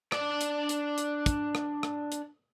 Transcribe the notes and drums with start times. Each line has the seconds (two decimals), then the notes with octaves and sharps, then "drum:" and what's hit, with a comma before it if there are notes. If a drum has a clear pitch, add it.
0.12 D4 D5, drum: rim click
0.41 drum: hi-hat
0.69 drum: hi-hat
0.98 drum: hi-hat
1.26 drum: kick, hi-hat
1.55 drum: rim click
1.83 drum: rim click
2.12 drum: hi-hat